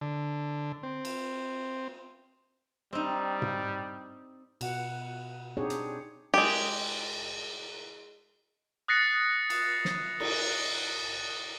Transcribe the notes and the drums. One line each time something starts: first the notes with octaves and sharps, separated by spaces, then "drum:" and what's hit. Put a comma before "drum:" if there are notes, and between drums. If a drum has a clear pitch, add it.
D3
C4
drum: cymbal
G3 C4 D#4
drum: tom G#2
B2 F#5, drum: cymbal
C4 D4 D#4 G4 G#4 C#5
drum: hi-hat
G#3 G4, drum: cymbal
D#6 F#6 A6 A#6 C7 C#7
drum: cymbal
drum: snare
drum: cymbal